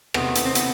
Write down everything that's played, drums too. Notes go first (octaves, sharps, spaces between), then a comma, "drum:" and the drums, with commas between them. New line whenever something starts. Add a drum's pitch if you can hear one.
C3 D#3 A3 B3, drum: rim click
drum: hi-hat
C4
B3, drum: hi-hat